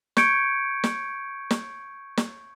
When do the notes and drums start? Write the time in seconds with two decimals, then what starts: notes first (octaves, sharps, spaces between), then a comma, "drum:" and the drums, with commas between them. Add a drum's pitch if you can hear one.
0.17 C#6 G6 G#6 C#7 D7, drum: snare
0.84 drum: snare
1.51 drum: snare
2.17 drum: snare